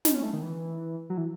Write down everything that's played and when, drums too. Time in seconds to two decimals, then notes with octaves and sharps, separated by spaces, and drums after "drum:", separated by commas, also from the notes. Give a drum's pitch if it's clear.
0.05 D#4, drum: snare
0.14 C#4
0.23 A3
0.33 D#3
0.42 E3
1.10 F#3
1.18 E3